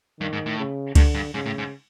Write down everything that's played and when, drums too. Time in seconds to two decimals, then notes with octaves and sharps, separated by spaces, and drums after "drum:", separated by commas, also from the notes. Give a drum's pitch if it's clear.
0.20 G2 D#3
0.33 G#2
0.46 A2
0.59 C#3
0.95 G2 D3, drum: kick C#2, cymbal
1.15 G2
1.33 G#2 C#3
1.46 A2
1.58 G#2